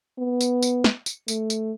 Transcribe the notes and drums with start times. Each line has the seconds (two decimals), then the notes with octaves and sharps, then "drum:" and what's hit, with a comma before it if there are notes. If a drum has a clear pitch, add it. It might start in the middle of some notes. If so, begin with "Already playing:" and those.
0.19 B3
0.41 drum: tambourine
0.62 drum: tambourine
0.84 drum: snare
1.06 drum: tambourine
1.28 A3, drum: tambourine
1.50 drum: tambourine